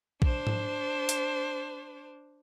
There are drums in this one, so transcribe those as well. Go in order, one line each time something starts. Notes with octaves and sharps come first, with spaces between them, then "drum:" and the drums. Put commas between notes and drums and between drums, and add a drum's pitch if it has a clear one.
D4 C5, drum: kick A#1
drum: tom G#2
drum: hi-hat